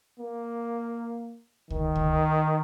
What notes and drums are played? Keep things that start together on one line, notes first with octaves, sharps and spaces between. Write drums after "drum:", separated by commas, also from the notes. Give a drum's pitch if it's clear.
A#3
D#3, drum: kick C#2
drum: kick C#2